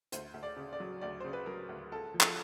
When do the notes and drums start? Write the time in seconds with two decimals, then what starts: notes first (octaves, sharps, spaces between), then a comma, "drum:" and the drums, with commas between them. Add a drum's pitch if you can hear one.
0.12 D2 C5, drum: hi-hat
0.34 D2
0.43 D5
0.56 C#3
0.73 D5
0.80 F#3
1.01 D2 D5
1.20 C#3 C5
1.33 B4
1.46 F#3 A#4
1.69 D2
1.92 C#2 A4
2.14 F3
2.21 A4, drum: clap